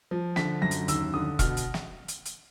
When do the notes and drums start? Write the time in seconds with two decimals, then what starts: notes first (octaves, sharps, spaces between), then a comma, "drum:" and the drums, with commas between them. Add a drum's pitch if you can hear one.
0.11 F3
0.36 D3 B6, drum: snare
0.62 F#2 A#6
0.71 drum: hi-hat
0.88 D#2 E6, drum: hi-hat
1.14 D3 D#6
1.39 B2 F6, drum: kick E1, hi-hat
1.57 drum: hi-hat
1.74 drum: snare
2.08 drum: hi-hat
2.25 drum: hi-hat